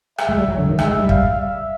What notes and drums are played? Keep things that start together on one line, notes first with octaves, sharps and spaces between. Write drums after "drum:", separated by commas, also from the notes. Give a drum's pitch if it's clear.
E5, drum: rim click
G#3
G3
F#3
D3
D#3
G#3 E5, drum: rim click
G#3
G3
F5, drum: kick
E5